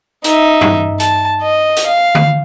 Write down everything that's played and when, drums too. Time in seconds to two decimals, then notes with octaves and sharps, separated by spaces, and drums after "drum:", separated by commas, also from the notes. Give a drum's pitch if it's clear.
0.24 D#4 E5, drum: hi-hat
0.61 drum: tom G2
1.00 A5, drum: hi-hat
1.42 D#5
1.76 drum: hi-hat
1.87 F5
2.15 drum: tom D3